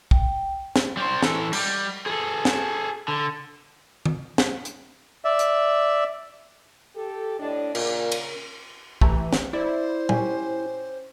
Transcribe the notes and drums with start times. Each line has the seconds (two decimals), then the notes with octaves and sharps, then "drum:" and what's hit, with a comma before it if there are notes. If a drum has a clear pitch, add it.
0.11 G5, drum: kick
0.76 drum: snare
0.97 G3 C5
1.23 E3 A4, drum: snare
1.53 G3, drum: cymbal
2.06 G#4 A4
2.45 drum: snare
3.08 D3
4.06 drum: tom D#3
4.38 drum: snare
4.65 drum: hi-hat
5.25 D5 E5
5.39 drum: hi-hat
6.95 G4 A4
7.39 A2 D4 D#5
7.75 A#2 C#3 A#4, drum: cymbal
8.12 drum: cymbal
9.01 E3 A3 G4 A#5, drum: kick
9.33 drum: snare
9.53 E4 C5 D5
10.09 A#2 C#4 G4 G#5, drum: tom G3